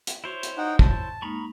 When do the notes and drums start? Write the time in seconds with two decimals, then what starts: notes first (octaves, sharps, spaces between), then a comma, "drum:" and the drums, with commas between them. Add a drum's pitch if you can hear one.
0.07 drum: hi-hat
0.24 E4 F#4 C5 C#5
0.43 drum: hi-hat
0.57 D#4 F#5 G5
0.79 A5, drum: kick
1.22 G#3 A#3 D#4 A#5 B5 C#6